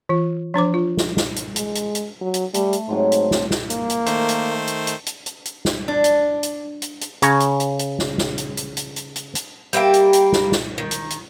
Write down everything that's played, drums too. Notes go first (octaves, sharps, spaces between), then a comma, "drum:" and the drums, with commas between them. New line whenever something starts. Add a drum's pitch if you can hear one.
E3 F4
F3 D4 C5 D6
F4
drum: snare
drum: snare
drum: hi-hat
G#3, drum: hi-hat
drum: hi-hat
drum: hi-hat
F#3
drum: hi-hat
G3 A3, drum: hi-hat
drum: hi-hat
G#2 C3 F#3 C6
drum: hi-hat
drum: snare
drum: snare
A#3, drum: hi-hat
drum: hi-hat
D#3 A3 C5, drum: hi-hat
drum: hi-hat
drum: hi-hat
drum: hi-hat
drum: hi-hat
drum: hi-hat
drum: hi-hat
drum: snare
D4
drum: hi-hat
drum: hi-hat
drum: hi-hat
drum: hi-hat
C#3 C#5 A#5, drum: hi-hat
drum: hi-hat
drum: hi-hat
drum: hi-hat
drum: snare
drum: snare
drum: hi-hat
drum: hi-hat
drum: hi-hat
drum: hi-hat
drum: hi-hat
drum: hi-hat
G3 A#3 E5 G5, drum: hi-hat
drum: hi-hat
drum: hi-hat
drum: snare
drum: snare
D#3
drum: hi-hat
drum: hi-hat